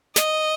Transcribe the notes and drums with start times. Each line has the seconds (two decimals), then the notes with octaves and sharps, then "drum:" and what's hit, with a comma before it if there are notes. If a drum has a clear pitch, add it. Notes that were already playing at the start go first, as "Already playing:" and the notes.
0.16 D#5, drum: snare